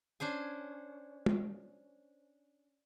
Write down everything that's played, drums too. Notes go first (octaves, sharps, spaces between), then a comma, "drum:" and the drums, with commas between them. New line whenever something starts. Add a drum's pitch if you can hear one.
C#4 D4 C5 G#5
drum: tom G#3